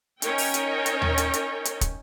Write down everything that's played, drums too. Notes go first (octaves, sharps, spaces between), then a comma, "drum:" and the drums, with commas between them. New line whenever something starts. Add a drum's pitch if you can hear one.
C#4 D#4 A#4 C#5 G5, drum: hi-hat
drum: open hi-hat
drum: hi-hat
drum: hi-hat
drum: tom D#2
drum: hi-hat
drum: hi-hat
drum: hi-hat
drum: kick, hi-hat